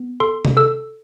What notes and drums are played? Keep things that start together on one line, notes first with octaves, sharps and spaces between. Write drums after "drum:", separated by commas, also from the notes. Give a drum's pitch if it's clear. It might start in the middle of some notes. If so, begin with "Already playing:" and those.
Already playing: B3
A4 C6
drum: tom C3
A4 E6